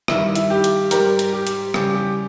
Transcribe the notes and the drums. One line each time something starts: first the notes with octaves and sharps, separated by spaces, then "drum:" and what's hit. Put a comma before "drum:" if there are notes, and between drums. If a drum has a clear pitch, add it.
G2 D#3 G3 E4, drum: rim click
E4, drum: hi-hat
G4
drum: hi-hat
G#2 G3 G4 A#4, drum: hi-hat
drum: hi-hat
G4
drum: hi-hat
E2 C#3 G3 G4, drum: rim click
G4